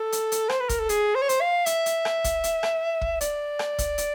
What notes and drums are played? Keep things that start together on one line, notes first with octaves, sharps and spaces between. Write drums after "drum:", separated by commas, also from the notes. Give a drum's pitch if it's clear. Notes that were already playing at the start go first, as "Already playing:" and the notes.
Already playing: A4
drum: hi-hat
drum: hi-hat
C5, drum: rim click
B4
A#4, drum: kick, hi-hat
A4
G#4, drum: hi-hat
C5
C#5
C5, drum: hi-hat
F5
E5, drum: hi-hat
drum: hi-hat
drum: rim click
drum: kick, hi-hat
drum: hi-hat
drum: rim click
drum: kick
D5, drum: hi-hat
drum: rim click
drum: kick, hi-hat
drum: hi-hat